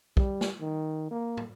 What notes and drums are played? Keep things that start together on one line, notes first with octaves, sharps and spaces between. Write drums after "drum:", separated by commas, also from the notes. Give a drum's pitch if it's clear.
G3, drum: kick
drum: snare
D#3
A#3
drum: tom